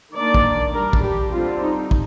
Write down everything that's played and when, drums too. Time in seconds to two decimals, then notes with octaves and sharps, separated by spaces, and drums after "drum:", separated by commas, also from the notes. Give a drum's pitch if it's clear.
0.15 D#3 A#3 D4 D5
0.34 drum: kick
0.73 G3 D4 A#4
0.93 drum: kick
1.03 G4
1.33 D3 G3 C4 F4
1.61 D#4
1.91 drum: kick